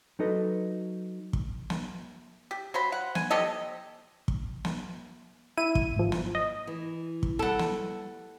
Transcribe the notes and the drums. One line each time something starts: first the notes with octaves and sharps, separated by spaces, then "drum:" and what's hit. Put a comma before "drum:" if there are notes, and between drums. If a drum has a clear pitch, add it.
F#3 D#4 A4 B4 D#5
drum: kick
drum: snare
G4
F#3 C5 B5
F#5
G#5, drum: snare
C3 G4 A4 D#5
drum: kick
drum: snare
E4 D#7
drum: kick
G#1 F3
drum: snare
D#5
E3
drum: kick
G3 A4 F#5
drum: snare